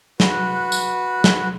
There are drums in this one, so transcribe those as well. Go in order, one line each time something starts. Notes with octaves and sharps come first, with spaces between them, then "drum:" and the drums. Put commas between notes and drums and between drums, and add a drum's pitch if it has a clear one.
F#4 B4, drum: snare
drum: tambourine
drum: snare